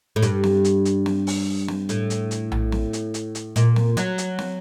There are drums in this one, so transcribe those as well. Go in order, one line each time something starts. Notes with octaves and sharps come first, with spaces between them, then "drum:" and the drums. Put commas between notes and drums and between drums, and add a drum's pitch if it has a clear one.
A2
G2, drum: hi-hat
drum: snare
drum: hi-hat
drum: hi-hat
drum: snare
drum: open hi-hat
drum: snare
A2, drum: hi-hat
drum: hi-hat
drum: hi-hat
drum: tom A#1
drum: snare
drum: hi-hat
drum: hi-hat
drum: hi-hat
A#2, drum: hi-hat
drum: snare
F#3, drum: hi-hat
drum: hi-hat
drum: snare